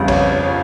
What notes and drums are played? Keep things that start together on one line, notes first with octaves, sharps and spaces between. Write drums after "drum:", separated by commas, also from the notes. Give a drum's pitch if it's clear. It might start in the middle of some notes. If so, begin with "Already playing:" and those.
Already playing: G1 F2 C#3 G3
C#5, drum: kick, cymbal